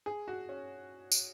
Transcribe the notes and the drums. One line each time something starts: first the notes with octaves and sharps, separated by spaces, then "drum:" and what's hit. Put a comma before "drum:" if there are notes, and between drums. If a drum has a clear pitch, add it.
G#4
F#4
C#4
drum: tambourine